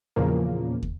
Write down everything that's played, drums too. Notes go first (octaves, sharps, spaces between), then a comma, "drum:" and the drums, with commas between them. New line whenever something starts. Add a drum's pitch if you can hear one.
E2 A#2 C#3 F3 A#3
drum: kick